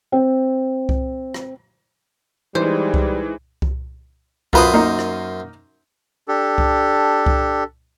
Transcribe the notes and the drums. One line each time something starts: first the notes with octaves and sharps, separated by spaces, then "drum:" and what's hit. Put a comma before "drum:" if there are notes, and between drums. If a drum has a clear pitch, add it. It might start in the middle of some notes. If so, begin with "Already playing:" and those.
C4
drum: kick C2
drum: rim click
E3 G3 G#3 D#4 C5
drum: kick C2
drum: kick C2
F#2 F4 B4 C5 B5 D#6, drum: kick C2
A#3 D#4
drum: rim click
D4 G4 A4
drum: kick C2
drum: kick C2